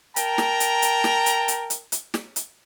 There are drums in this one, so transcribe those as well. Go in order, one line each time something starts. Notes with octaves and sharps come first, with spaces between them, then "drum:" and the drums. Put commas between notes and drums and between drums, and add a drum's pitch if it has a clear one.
A#4 G5 A5 A#5, drum: hi-hat
drum: snare
drum: hi-hat
drum: hi-hat
drum: snare
drum: hi-hat
drum: hi-hat
drum: hi-hat
drum: hi-hat
drum: snare
drum: hi-hat